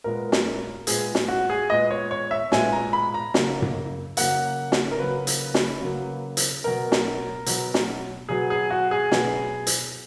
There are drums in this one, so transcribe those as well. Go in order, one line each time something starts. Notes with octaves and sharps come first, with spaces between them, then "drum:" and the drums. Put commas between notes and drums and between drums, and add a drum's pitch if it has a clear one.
A#2 G#3 B3 A#4
drum: snare
A#2 G#3 B3 G#4, drum: hi-hat
drum: snare
F#4
G#4
A#2 G#3 B3 D#5
C#5
C#5
E5
A#2 G#3 B3 G#5, drum: snare
A#5
B5
A#5
C#3 F#3 A#3, drum: snare
drum: tom F#2
C#3 F#3 A#3 F#5, drum: hi-hat
drum: snare
A#4
C#3 F#3 A#3 B4
drum: hi-hat
drum: snare
C#3 F#3 A#3
drum: hi-hat
B2 F#3 B3 A#4
drum: snare
B2 F#3 B3, drum: hi-hat
drum: snare
B2 F#3 B3 G#4
G#4
F#4
G#4
B2 F#3 B3, drum: snare
drum: hi-hat